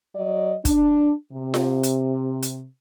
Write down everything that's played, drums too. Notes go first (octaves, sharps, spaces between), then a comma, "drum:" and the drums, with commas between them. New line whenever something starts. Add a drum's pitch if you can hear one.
F#3 D5 D#5
D4, drum: kick, hi-hat
C3
drum: snare F4
drum: hi-hat
drum: hi-hat